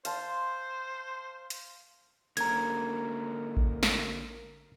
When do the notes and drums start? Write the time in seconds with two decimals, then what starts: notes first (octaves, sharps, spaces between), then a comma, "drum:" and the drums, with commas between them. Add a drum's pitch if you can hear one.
0.05 C5 F5 A5 C6, drum: hi-hat
1.50 drum: hi-hat
2.37 D3 A#3 C#4 A#4 A#5 G#6, drum: hi-hat
3.57 drum: kick A1
3.83 drum: snare